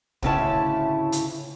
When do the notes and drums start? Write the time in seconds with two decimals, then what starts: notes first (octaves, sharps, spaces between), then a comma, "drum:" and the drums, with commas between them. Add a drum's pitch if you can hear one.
0.22 D2 A2 C#3 C#4 E4 A5, drum: kick
1.12 drum: hi-hat